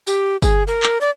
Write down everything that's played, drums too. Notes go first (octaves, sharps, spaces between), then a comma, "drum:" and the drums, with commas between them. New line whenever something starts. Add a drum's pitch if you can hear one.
G4, drum: tambourine
G#4, drum: kick, tambourine
A#4
drum: clap
D5